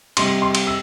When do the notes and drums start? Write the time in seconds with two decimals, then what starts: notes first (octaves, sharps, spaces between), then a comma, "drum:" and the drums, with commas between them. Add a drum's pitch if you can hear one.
0.17 C3 G3 C6, drum: cymbal
0.42 C6
0.55 drum: cymbal
0.67 E6